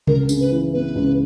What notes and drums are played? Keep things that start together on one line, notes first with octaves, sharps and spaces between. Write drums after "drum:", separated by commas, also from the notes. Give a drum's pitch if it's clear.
C#2 A#4, drum: tom C3
C#3, drum: tambourine
B4
E3
B3 B4
C#2